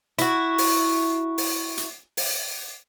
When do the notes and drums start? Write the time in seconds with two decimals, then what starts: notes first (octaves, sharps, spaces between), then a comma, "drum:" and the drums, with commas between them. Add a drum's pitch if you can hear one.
0.19 E4 F#4, drum: hi-hat
0.58 drum: open hi-hat
1.38 drum: open hi-hat
1.77 drum: hi-hat
2.17 drum: open hi-hat